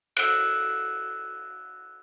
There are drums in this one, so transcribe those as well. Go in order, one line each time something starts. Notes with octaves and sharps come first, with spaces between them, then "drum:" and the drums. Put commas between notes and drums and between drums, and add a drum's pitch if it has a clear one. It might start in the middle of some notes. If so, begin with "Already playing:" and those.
E6 F#6, drum: cymbal